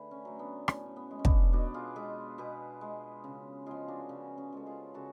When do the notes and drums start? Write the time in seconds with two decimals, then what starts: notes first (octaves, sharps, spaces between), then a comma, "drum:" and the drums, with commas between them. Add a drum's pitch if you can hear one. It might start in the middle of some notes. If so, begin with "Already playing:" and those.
Already playing: D3 A3 G#4 B4
0.11 C#4
0.25 F#3 A3
0.39 B3 D4
0.68 A2 C#4, drum: rim click
0.86 C#4
0.96 B3
1.11 G#3
1.19 C#4
1.25 B3 D4, drum: kick
1.53 B2 D4 F#4
1.74 F4 G#4
1.96 G#3 G#4 B4
2.38 B2 G#4 B4
2.81 G#3
3.24 C#3
3.66 F3 G#3 F4 G#4
3.88 D4 F#4
4.09 C#3 C#4
4.38 C#4
4.52 F3 G#3 A4
4.66 F4 G#4
4.94 C#3 F#4 A4